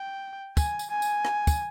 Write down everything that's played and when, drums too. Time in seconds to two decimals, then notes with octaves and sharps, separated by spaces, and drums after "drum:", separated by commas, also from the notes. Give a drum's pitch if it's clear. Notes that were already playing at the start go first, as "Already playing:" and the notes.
Already playing: G5
0.57 G#5, drum: kick, tambourine
0.79 drum: tambourine
0.90 G#5
1.02 drum: tambourine
1.25 drum: rim click
1.47 drum: kick, tambourine